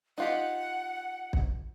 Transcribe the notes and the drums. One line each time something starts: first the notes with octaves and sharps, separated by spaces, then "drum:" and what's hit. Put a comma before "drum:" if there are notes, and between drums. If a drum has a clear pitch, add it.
D#4 F4 G4 F#5
drum: kick